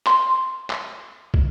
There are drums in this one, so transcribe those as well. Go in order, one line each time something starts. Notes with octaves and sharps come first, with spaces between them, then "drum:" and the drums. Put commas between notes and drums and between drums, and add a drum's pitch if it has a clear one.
C6, drum: clap
drum: clap
drum: kick